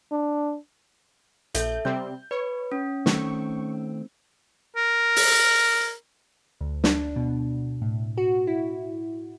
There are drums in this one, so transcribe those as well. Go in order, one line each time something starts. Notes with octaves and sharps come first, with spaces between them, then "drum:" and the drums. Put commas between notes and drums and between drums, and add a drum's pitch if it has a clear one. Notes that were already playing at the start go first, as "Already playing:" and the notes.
D4
A#1 A4 E5 G6, drum: hi-hat
C3 G3 C4 G6
B4 C#5
C#4
D#3 A3 C4 C#6, drum: snare
A#4
drum: open hi-hat
D2
D4, drum: snare
B2
A2
F#4
E4